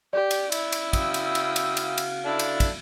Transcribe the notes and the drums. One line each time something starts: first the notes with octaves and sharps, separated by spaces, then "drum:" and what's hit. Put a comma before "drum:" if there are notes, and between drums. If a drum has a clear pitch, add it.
G4 D5
drum: cymbal
E4, drum: cymbal
drum: cymbal
C#3 F#4 F5 G5 D#6 E6, drum: kick, cymbal
drum: cymbal
drum: cymbal
drum: cymbal
drum: cymbal
drum: cymbal
D4 E4 A4
drum: cymbal
drum: kick, cymbal